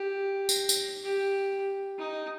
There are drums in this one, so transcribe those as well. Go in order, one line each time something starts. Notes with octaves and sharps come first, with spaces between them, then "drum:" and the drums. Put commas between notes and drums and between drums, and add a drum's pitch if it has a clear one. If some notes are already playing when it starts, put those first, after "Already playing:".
Already playing: G4
drum: tambourine
drum: tambourine
G4
D#4